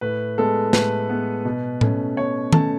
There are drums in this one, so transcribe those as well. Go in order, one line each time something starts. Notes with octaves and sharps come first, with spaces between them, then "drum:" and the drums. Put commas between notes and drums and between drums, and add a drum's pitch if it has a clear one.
A2 B4
G#3 B3 A4
A2 B4, drum: snare
G#3 B3
B2
A3 C#4, drum: tom A2
B2 C#5
A3 C#4 A5, drum: tom D#3